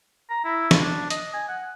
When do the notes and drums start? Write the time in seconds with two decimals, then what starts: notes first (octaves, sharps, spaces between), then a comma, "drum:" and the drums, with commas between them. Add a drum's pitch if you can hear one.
0.30 A#5
0.44 E4
0.71 drum: snare
0.81 D4
1.10 D#5, drum: hi-hat
1.34 G#5
1.48 F#5